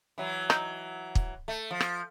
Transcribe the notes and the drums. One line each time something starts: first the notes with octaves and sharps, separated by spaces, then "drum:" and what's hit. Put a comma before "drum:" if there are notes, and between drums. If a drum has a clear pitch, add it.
E3 F#3
D#4, drum: rim click
drum: kick
A3
F3
drum: rim click